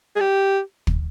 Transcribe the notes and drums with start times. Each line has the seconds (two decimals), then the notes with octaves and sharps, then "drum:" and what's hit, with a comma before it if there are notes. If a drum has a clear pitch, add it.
0.16 G#4
0.21 G4
0.87 drum: kick